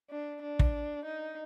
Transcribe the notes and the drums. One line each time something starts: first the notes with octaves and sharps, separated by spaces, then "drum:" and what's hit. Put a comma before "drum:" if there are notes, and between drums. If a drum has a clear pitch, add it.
D4
D4
drum: kick
D#4